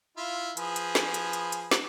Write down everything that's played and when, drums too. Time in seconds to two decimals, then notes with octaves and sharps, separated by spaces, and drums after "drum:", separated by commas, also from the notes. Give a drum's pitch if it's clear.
0.17 E4 F4 F5
0.57 F3 G#4 B4, drum: hi-hat
0.76 drum: hi-hat
0.95 drum: snare
1.14 drum: hi-hat
1.33 drum: hi-hat
1.52 drum: hi-hat
1.71 drum: snare